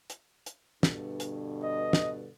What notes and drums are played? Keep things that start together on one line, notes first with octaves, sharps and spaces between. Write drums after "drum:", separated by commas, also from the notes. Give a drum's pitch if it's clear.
drum: hi-hat
drum: hi-hat
G2 B2 D3, drum: snare
drum: hi-hat
D#5
drum: snare